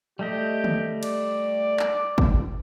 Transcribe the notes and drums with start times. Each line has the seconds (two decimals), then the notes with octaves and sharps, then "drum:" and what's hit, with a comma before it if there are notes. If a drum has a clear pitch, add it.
0.19 G3 A3 G4 D#5
0.64 drum: tom D3
1.03 D5, drum: cymbal
1.79 drum: clap
2.18 drum: kick